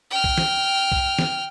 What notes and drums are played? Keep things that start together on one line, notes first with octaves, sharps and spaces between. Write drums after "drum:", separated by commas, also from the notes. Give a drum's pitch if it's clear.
G5 F6
drum: kick
drum: snare
drum: kick
drum: snare